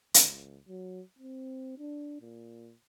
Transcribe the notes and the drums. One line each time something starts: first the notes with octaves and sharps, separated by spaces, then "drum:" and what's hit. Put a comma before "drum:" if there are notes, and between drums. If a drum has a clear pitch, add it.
C#2, drum: hi-hat
F#3
C4
D4
A#2